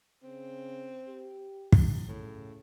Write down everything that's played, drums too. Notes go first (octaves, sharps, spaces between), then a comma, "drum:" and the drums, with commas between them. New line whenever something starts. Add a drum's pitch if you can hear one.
C#3 C4
G4
drum: kick
A2 C#3